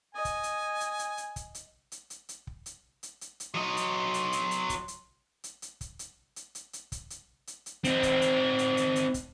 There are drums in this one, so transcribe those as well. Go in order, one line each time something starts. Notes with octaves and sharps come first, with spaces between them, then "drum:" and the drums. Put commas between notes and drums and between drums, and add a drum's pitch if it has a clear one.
D#5 G#5
drum: kick, hi-hat
drum: hi-hat
drum: hi-hat
drum: hi-hat
drum: hi-hat
drum: kick, hi-hat
drum: hi-hat
drum: hi-hat
drum: hi-hat
drum: hi-hat
drum: kick
drum: hi-hat
drum: hi-hat
drum: hi-hat
drum: hi-hat
F#3 D#5 C6
drum: hi-hat
drum: hi-hat
drum: hi-hat
drum: hi-hat
drum: kick, hi-hat
drum: hi-hat
drum: hi-hat
drum: hi-hat
drum: kick, hi-hat
drum: hi-hat
drum: hi-hat
drum: hi-hat
drum: hi-hat
drum: kick, hi-hat
drum: hi-hat
drum: hi-hat
drum: hi-hat
C4 D#4, drum: hi-hat
drum: kick, hi-hat
drum: hi-hat
drum: hi-hat
drum: hi-hat
drum: hi-hat
drum: kick, hi-hat